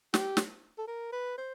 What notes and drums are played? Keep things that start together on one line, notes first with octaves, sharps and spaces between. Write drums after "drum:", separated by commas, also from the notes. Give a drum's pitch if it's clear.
G4, drum: snare
drum: snare
A4
A#4
B4
C5